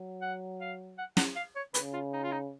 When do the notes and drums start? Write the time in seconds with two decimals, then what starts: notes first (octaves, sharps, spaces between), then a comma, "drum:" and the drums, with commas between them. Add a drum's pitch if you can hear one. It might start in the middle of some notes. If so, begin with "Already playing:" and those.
Already playing: F#3
0.22 F#5
0.61 F5
0.98 F#5
1.17 F#5, drum: snare
1.36 F5
1.56 C#5
1.74 C#3 B4, drum: hi-hat
1.93 F4
2.13 D#4
2.23 F4
2.31 D#4